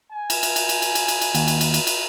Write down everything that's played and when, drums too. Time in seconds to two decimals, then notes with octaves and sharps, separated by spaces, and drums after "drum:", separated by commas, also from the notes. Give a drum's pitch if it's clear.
0.12 G#5
0.30 drum: cymbal
0.43 drum: cymbal
0.56 drum: cymbal
0.69 drum: cymbal
0.82 drum: cymbal
0.95 drum: cymbal
1.08 drum: cymbal
1.21 drum: cymbal
1.35 D#2, drum: cymbal
1.48 drum: cymbal
1.61 drum: cymbal
1.74 drum: cymbal
1.87 drum: cymbal